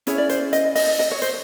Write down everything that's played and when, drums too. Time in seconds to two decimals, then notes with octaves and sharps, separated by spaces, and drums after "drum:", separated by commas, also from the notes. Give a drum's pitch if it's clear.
0.07 C#4 E4 G#4 C#5, drum: hi-hat
0.18 D5
0.29 C5, drum: hi-hat
0.53 D#5, drum: hi-hat
0.75 D#5, drum: open hi-hat
0.99 D#5, drum: snare
1.11 C#5
1.22 C5, drum: hi-hat